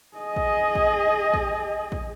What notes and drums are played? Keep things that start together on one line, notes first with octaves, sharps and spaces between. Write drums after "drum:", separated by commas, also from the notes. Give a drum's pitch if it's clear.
G#4 D#5
drum: kick
drum: kick
drum: kick
drum: kick